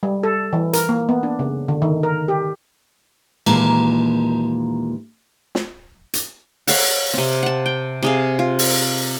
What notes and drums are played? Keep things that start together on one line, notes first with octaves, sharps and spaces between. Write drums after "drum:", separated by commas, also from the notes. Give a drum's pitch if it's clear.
G3
A4
E3
A#4, drum: hi-hat
A#3
B3
D4
C#3
D3
D#3
A#4
G4
D#2 A#2 E3 G#3 A5 A#5, drum: cymbal
drum: snare
drum: hi-hat
C#5 F5 F#5, drum: open hi-hat
C3 C4
F#5 A5
G5
C3 G#4 F5
F4
drum: open hi-hat